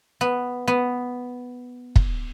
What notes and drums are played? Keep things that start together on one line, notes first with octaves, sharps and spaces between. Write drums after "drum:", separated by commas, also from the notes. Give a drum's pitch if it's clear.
B3
B3
drum: kick